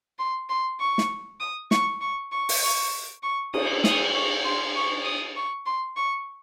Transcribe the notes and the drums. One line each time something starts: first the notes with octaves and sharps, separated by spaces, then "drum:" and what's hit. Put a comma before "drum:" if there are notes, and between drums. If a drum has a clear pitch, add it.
C6
C6
C#6
drum: snare
D#6
C#6, drum: snare
C#6
C#6
drum: open hi-hat
C#6
C#6
D#6, drum: cymbal
D#6, drum: snare
C#6
C6
C#6
D#6
C#6
C6
C#6